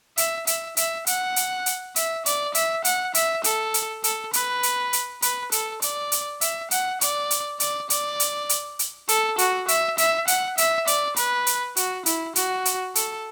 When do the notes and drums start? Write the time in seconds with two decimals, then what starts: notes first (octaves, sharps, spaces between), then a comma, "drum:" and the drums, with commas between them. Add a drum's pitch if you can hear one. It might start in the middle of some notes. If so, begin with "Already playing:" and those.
0.17 E5, drum: hi-hat
0.47 E5, drum: hi-hat
0.77 E5, drum: hi-hat
1.07 F#5, drum: hi-hat
1.36 drum: hi-hat
1.66 drum: hi-hat
1.96 E5, drum: hi-hat
2.26 D5, drum: hi-hat
2.55 E5, drum: hi-hat
2.85 F#5, drum: hi-hat
3.15 E5, drum: hi-hat
3.44 A4, drum: hi-hat
3.74 drum: hi-hat
4.04 A4, drum: hi-hat
4.33 B4, drum: hi-hat
4.63 drum: hi-hat
4.93 drum: hi-hat
5.22 B4, drum: hi-hat
5.52 A4, drum: hi-hat
5.82 D5, drum: hi-hat
6.12 drum: hi-hat
6.41 E5, drum: hi-hat
6.71 F#5, drum: hi-hat
7.01 D5, drum: hi-hat
7.31 drum: hi-hat
7.60 D5, drum: hi-hat
7.90 D5, drum: hi-hat
8.20 drum: hi-hat
8.49 drum: hi-hat
8.79 drum: hi-hat
9.09 A4, drum: hi-hat
9.38 F#4, drum: hi-hat
9.68 E5, drum: hi-hat
9.98 E5, drum: hi-hat
10.28 F#5, drum: hi-hat
10.58 E5, drum: hi-hat
10.87 D5, drum: hi-hat
11.16 B4, drum: hi-hat
11.47 drum: hi-hat
11.77 F#4, drum: hi-hat
12.06 E4, drum: hi-hat
12.36 F#4, drum: hi-hat
12.65 drum: hi-hat
12.95 A4, drum: hi-hat